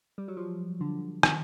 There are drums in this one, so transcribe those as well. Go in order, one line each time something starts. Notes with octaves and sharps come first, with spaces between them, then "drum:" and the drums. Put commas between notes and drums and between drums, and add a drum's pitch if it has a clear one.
G3
F#3
F3
D3
D#3, drum: rim click